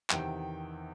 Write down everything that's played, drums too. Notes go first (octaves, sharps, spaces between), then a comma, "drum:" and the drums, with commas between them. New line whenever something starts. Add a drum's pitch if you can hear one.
E2 C3 D#3 G5, drum: clap